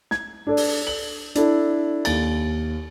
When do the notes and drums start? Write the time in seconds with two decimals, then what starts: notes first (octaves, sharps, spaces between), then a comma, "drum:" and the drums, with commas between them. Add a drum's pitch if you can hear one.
0.11 G#6, drum: snare
0.47 D4 A4 D5
0.57 drum: open hi-hat
0.87 F#7
1.35 D4 E4 A4, drum: hi-hat
2.05 D#2 A6, drum: cymbal